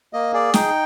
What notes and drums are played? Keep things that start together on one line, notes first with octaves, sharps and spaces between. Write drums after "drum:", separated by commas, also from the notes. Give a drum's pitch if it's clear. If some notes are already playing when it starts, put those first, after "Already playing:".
A#3 D#5
G#4 D5
D#4 G5, drum: snare